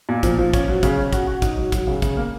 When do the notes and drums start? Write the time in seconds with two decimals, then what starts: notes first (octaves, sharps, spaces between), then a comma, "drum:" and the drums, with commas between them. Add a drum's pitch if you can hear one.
0.09 A#2
0.23 F3, drum: kick, hi-hat
0.39 F3
0.54 C#4, drum: kick, hi-hat
0.68 F#3
0.83 C#3, drum: kick, hi-hat
0.98 C#4
1.13 F#4, drum: kick, hi-hat
1.27 F#4
1.42 D#4, drum: kick, hi-hat
1.58 F#3
1.72 F#3, drum: kick, hi-hat
1.87 C#3
2.02 C#3, drum: kick, hi-hat
2.17 A#3